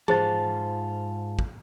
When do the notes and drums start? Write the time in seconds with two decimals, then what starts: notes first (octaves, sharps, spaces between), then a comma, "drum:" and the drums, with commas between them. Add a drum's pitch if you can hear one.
0.08 G#2 F4 G#4 C5 A5 A6, drum: tom E3
1.39 drum: kick